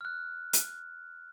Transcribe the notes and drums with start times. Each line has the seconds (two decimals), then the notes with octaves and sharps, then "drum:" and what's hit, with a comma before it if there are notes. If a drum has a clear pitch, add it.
0.01 F6 F#6
0.53 drum: hi-hat